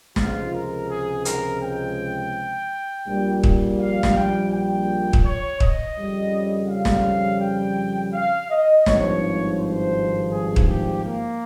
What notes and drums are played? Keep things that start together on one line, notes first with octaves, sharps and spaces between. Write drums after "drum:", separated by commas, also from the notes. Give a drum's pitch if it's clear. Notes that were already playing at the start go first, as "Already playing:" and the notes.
C#2 C3 F3 G#3 F4, drum: snare
A#4
G#4
A#4, drum: hi-hat
G5
A#1 A#2 G3
drum: kick
F5
drum: snare
G5
G5
drum: kick
C#5
D#5, drum: kick
F2 C#3 G3
F5
drum: snare
G5
F5
D#5
G#1 G2 F3 C#5, drum: snare
C5
G#4
drum: kick
G4
A#3